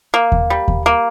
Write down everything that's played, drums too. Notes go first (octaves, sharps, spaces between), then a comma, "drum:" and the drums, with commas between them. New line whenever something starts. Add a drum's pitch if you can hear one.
A#3
drum: kick D#2
G3
drum: kick D#2
A#3